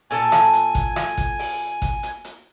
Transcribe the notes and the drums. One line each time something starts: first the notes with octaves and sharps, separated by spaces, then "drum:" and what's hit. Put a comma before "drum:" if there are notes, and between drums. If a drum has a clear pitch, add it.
A#2 A4 G#5 A5, drum: hi-hat
drum: rim click
drum: hi-hat
drum: kick G#1, hi-hat
drum: rim click
drum: kick G#1, hi-hat
drum: open hi-hat
drum: kick G#1, hi-hat
drum: hi-hat
drum: hi-hat